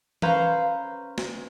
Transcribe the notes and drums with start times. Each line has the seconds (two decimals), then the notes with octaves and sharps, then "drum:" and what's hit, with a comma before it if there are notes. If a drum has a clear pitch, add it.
0.22 C#4 B4 C5 F5 A#5, drum: tom E3
1.18 drum: snare